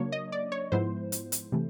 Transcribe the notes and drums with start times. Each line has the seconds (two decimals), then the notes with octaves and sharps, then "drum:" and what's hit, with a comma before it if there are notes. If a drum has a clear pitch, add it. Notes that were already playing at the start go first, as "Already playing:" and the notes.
Already playing: C#3 F#3 A#3 D4 C#5
0.12 D#5
0.32 D5
0.52 C#5
0.72 G#2 F3 G#3 B3 E4 C5
1.12 drum: hi-hat
1.32 drum: hi-hat
1.52 C3 E3 A3